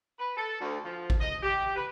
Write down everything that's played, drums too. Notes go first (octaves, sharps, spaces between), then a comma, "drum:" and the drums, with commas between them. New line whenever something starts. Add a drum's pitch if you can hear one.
B4
A4
D2
F3
drum: kick A1
D#5
G4
B4